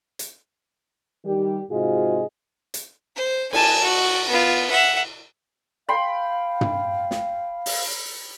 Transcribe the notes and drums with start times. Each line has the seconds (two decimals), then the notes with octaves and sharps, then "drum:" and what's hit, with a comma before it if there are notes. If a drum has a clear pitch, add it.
0.19 drum: hi-hat
1.25 D#3 G3 G4
1.71 G#2 C3 F4 F#4 G#4 D#5
2.74 drum: hi-hat
3.16 C5
3.53 G#5 A5, drum: cymbal
3.83 F#4
4.29 B3 F4
4.70 E5 F#5
5.89 F5 G5 B5 C6
6.61 drum: tom
7.11 drum: snare
7.66 drum: open hi-hat